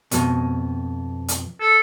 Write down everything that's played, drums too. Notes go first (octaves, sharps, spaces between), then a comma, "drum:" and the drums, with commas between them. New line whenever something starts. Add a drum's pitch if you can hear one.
F2 B2, drum: hi-hat
drum: hi-hat
A4